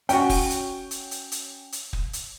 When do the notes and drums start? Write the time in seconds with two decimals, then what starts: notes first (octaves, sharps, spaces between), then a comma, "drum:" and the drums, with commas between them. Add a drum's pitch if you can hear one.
0.09 C#4 F#4 G5, drum: hi-hat
0.29 drum: kick, open hi-hat
0.50 drum: hi-hat
0.91 drum: hi-hat
1.11 drum: hi-hat
1.32 drum: hi-hat
1.72 drum: hi-hat
1.93 drum: kick
2.13 drum: hi-hat